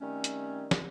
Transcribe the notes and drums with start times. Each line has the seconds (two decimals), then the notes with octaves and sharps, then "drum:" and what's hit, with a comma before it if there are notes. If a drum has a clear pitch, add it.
0.01 D#3 G3 A3 C4 C#4
0.24 drum: hi-hat
0.71 drum: snare